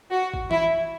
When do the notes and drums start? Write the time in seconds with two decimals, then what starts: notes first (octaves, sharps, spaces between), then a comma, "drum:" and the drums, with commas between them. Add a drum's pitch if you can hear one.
0.12 F#4
0.34 drum: kick G#1
0.51 E4, drum: tom